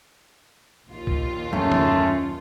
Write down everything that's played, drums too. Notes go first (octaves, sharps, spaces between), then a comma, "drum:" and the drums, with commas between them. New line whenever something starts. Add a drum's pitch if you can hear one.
A#1 D#2 F4
drum: kick B1
F#2 G#3 A3 C#4
drum: tom D3